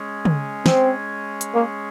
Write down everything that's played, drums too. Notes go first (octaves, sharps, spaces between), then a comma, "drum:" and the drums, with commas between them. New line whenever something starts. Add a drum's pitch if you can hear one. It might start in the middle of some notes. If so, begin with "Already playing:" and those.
Already playing: G#3 C#4 G#4 C#5
drum: tom C#3
C4, drum: snare
drum: hi-hat
A#3